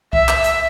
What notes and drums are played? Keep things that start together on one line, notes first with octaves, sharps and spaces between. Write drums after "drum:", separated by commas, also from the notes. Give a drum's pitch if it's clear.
E5, drum: kick C2
drum: clap
drum: hi-hat